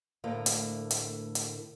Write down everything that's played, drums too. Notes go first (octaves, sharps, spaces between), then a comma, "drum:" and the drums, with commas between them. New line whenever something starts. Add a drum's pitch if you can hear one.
D2 A2 A#3
drum: hi-hat
drum: hi-hat
drum: hi-hat